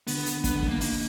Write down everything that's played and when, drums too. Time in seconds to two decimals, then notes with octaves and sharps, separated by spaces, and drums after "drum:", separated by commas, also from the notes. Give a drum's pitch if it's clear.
0.07 D3 B3, drum: open hi-hat
0.26 D3, drum: hi-hat
0.44 D3 B3, drum: kick, hi-hat
0.57 B3
0.63 D3, drum: kick
0.69 A#3
0.81 A#3 D#4, drum: open hi-hat